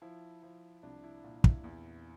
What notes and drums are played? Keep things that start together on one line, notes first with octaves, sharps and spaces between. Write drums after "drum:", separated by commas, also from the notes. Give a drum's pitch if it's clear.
F3 E4
F3
C2 D4
E4
A#2
E4, drum: kick
E2